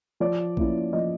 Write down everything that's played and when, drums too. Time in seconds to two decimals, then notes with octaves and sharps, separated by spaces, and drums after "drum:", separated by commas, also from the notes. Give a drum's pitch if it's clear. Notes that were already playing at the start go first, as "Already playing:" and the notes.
0.20 F3 D5
0.57 A#3 C#4 E4, drum: kick
0.93 F3 D#5